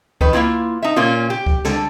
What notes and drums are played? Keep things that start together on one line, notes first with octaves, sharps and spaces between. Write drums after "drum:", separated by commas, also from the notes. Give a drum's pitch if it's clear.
D#3 B4, drum: kick C#2
A#3 C4 E4 F4
D#4 E5
A#2 A#3 C#4 F4
G4
drum: kick C#2
D3 A4, drum: snare